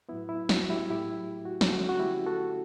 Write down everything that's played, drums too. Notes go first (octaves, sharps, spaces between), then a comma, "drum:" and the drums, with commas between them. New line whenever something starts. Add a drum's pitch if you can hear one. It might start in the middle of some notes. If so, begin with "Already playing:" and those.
A2 F#3 B3 E4
E4
F#4, drum: snare
E4 G4
A2 F#3 A3 E4 G4
F#4
drum: snare
D3 A3 C#4 F#4
F#4
E4 G4
F#4 A4